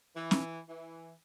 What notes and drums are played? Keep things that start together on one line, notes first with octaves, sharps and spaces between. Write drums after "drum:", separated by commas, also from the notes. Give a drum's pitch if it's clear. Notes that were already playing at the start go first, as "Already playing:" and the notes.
E3
drum: snare
E3